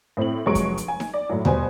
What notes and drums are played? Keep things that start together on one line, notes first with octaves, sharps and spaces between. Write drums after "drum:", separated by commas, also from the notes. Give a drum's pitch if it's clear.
A2 C4 E4 F#7
F1 F#3 G#3 C#6 D7
drum: kick, hi-hat
drum: hi-hat
G#5
drum: snare D#4
D5
A2 F#3
B2 G3 C5 G#5, drum: tom D#2